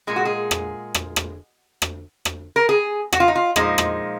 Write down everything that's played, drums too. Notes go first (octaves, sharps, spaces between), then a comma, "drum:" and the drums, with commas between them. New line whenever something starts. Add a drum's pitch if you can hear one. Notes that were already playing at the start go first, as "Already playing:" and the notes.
A#2 G#3 G#4
F#4
G#4
drum: rim click
drum: rim click
drum: rim click
drum: rim click
drum: rim click
A#4
G#4
F#4, drum: rim click
F4
D#4
F4
A#2 F3 G#3 D#4, drum: rim click
drum: rim click